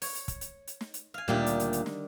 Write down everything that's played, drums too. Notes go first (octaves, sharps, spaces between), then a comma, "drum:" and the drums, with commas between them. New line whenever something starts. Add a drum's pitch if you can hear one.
C#5, drum: open hi-hat
drum: hi-hat
drum: kick, hi-hat
drum: hi-hat
drum: hi-hat
drum: snare
drum: hi-hat
F5 G#5
D2 A#2 D3 D#3 G3 G4
drum: hi-hat
drum: hi-hat
drum: hi-hat
drum: snare